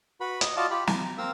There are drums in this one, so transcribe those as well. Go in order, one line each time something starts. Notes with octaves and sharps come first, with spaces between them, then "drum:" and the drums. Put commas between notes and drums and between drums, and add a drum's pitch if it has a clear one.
F#4 B4 B5
D#5, drum: hi-hat
F4 F#4 D5 D#5 F5 A5
F4 G4 B5
A#5, drum: snare
A#3 C4 A#4 F5 E6